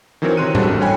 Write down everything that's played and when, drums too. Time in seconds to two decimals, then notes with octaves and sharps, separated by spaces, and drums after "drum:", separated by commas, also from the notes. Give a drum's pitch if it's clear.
0.22 D#3 E3 F#3 C4 A#4 C#5
0.37 C3 C#5 C6 F#6 D#7
0.55 G3 G#3 C4 D4 F#4 A4, drum: tom
0.67 A1
0.81 C#5 G5 G#5 B5